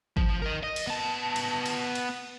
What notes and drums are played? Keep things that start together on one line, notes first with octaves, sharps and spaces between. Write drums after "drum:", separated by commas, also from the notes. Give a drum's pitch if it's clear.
F3, drum: kick G#1
A#4 D#5
D#5
drum: cymbal
B3 A5
drum: cymbal
drum: cymbal
drum: cymbal